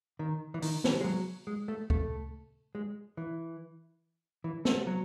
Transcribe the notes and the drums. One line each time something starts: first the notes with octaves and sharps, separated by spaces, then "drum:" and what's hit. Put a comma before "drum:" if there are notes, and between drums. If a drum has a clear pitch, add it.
D#3
E3
D#3, drum: open hi-hat
E3, drum: snare
G#3
F#3
G#3
A3
A3, drum: kick C#2
G#3
E3
E3
A3, drum: snare
F#3